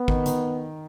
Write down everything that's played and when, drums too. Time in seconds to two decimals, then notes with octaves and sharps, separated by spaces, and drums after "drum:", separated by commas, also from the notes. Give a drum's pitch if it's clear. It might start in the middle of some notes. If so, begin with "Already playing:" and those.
Already playing: B3
0.08 D#3, drum: kick G#1
0.26 D#3, drum: hi-hat